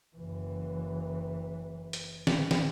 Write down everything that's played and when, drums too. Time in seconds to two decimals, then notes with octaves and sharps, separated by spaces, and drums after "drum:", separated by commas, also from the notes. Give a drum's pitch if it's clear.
0.16 F#1 E3
1.93 drum: hi-hat
2.27 drum: snare
2.51 drum: snare